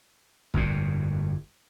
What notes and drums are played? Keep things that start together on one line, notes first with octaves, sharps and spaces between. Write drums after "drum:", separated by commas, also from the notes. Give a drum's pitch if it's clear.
G1 F2 A#2, drum: kick